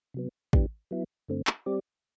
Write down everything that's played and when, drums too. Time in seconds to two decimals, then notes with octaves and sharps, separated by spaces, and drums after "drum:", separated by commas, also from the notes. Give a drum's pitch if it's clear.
0.14 C3 F#3 B3
0.53 F#2 E3 B3 D4 G4, drum: kick
0.91 F#3 B3 E4
1.28 G2 D3 A3 C4
1.47 drum: clap
1.66 G3 C4 G4 D5